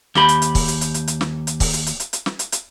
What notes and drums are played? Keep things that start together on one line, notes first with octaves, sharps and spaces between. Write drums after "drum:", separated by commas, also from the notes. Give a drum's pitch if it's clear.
D#2 G4 B5, drum: snare
drum: hi-hat
drum: hi-hat
drum: kick, open hi-hat
drum: hi-hat
drum: hi-hat
drum: hi-hat
drum: hi-hat
drum: snare
drum: hi-hat
drum: kick, open hi-hat
drum: hi-hat
drum: hi-hat
drum: hi-hat
drum: hi-hat
drum: snare
drum: hi-hat
drum: hi-hat